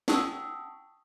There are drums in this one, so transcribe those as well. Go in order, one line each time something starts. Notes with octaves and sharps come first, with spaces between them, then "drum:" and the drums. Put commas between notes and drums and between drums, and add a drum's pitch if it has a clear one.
F#5 G5 A5 C#6 D#6 E6, drum: snare